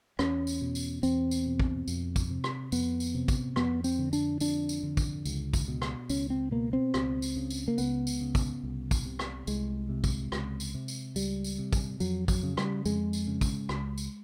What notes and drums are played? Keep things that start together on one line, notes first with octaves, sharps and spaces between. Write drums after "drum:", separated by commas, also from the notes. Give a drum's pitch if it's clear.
E2 C#4, drum: rim click
drum: tambourine
B2
drum: tambourine
E2 C4, drum: tambourine
drum: tambourine
B2
drum: kick
F2, drum: tambourine
drum: kick, tambourine
C3
drum: rim click
F2 B3, drum: tambourine
drum: tambourine
C3
drum: kick, tambourine
F2 B3, drum: rim click
C4, drum: tambourine
D3
D4, drum: tambourine
F2 D4, drum: tambourine
drum: tambourine
D3
drum: kick, tambourine
C#2, drum: tambourine
drum: kick, tambourine
B2
drum: rim click
C#2 C#4, drum: tambourine
C4
B2 A#3
C4
C#2, drum: rim click
drum: tambourine
C#3
drum: tambourine
A#3
C#2 B3, drum: tambourine
drum: tambourine
C#3
drum: kick, tambourine
C2
drum: kick, tambourine
C3
drum: rim click
C2 G#3, drum: tambourine
C3
drum: kick, tambourine
C#2, drum: rim click
drum: tambourine
C3
drum: tambourine
C#2 G3, drum: tambourine
drum: tambourine
C3
drum: kick, tambourine
F2 F#3, drum: tambourine
F#3, drum: kick, tambourine
C#3
G3, drum: rim click
F2 G#3, drum: tambourine
drum: tambourine
C#3
drum: kick, tambourine
C#2, drum: rim click
drum: tambourine